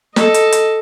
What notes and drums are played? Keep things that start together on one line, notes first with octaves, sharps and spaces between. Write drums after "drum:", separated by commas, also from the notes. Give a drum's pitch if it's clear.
A4 D#5, drum: snare
drum: hi-hat
drum: hi-hat